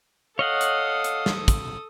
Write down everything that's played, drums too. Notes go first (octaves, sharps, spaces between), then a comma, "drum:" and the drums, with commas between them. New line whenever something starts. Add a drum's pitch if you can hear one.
A4 C#5 D#5 F5 F#5 D#6
drum: hi-hat
drum: hi-hat
drum: snare
drum: kick, hi-hat